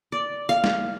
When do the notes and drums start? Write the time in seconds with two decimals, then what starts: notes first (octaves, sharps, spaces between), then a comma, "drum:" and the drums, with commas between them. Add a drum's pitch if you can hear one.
0.12 D5
0.49 F5
0.64 drum: snare